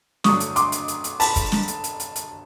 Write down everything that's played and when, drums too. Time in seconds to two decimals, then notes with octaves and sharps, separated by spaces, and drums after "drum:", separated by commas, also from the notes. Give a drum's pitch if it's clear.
0.24 G2 D3 F#3 A3 D4 C#6 D#6, drum: snare
0.40 drum: hi-hat
0.56 C6 D6, drum: hi-hat
0.72 drum: hi-hat
0.88 drum: hi-hat
1.04 drum: hi-hat
1.20 A5 B5, drum: open hi-hat
1.36 drum: kick, hi-hat
1.52 drum: snare
1.68 drum: hi-hat
1.84 drum: hi-hat
2.00 drum: hi-hat
2.16 drum: hi-hat